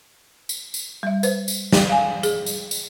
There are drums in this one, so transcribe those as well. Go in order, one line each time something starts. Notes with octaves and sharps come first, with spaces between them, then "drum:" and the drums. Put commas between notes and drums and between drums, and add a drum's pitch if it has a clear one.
drum: tambourine
drum: tambourine
G3 E5
B4 C5, drum: tambourine
drum: tambourine
drum: snare
F5 G#5
G#4, drum: tambourine
drum: tambourine
drum: tambourine